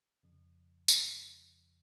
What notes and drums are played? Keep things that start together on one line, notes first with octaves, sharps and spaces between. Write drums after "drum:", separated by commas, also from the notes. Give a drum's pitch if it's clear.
F2 C#3 F3
drum: tambourine